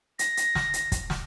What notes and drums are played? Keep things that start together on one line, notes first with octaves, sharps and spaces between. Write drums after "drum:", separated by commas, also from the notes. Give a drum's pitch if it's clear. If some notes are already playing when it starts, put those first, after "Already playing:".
A#6, drum: hi-hat
drum: hi-hat
drum: snare
drum: hi-hat
drum: kick, hi-hat
drum: snare